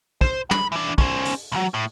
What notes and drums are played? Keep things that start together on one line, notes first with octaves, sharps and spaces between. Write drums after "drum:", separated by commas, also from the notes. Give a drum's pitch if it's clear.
C5, drum: kick
B5, drum: tom
E3 D4
C#4 C5, drum: kick
drum: open hi-hat
C2 F#3
A2